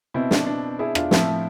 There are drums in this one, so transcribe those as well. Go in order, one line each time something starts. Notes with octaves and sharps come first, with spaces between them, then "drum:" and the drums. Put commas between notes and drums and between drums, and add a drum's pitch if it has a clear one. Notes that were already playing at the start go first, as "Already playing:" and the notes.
B2 C4 E4
D4, drum: snare
D4
E4 G#4
D4 F4, drum: rim click
A2 F3 C4 E4, drum: snare